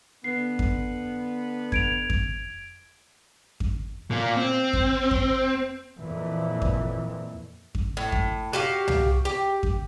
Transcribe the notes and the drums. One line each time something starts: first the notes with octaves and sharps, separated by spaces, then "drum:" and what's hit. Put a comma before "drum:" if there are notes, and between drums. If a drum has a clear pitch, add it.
D3 B3 C7
drum: kick F2
G#6 D7 F7, drum: kick F2
drum: kick F2
drum: kick F2
A#2 A#3
C4
drum: kick F2
drum: kick F2
F2 A#2 E3
drum: kick F2
drum: kick F2
A2
drum: kick F2
F#4 G4 F5
drum: tom C2
G4
drum: kick F2